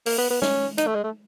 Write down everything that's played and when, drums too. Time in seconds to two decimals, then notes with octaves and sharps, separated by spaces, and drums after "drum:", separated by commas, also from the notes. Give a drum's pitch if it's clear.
0.06 A#3, drum: open hi-hat
0.18 B3
0.31 B3
0.42 C#4, drum: snare
0.78 D#4, drum: hi-hat
0.87 A3
0.95 G#3
1.04 A3